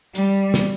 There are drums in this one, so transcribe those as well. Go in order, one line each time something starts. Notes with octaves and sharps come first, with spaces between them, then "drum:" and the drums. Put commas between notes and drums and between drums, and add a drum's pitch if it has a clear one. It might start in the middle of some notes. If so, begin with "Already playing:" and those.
G3, drum: hi-hat
drum: snare